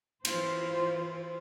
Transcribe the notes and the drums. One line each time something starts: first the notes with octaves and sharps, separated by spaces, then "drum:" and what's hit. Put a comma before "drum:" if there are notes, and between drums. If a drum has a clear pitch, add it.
E3 F4 C5, drum: cymbal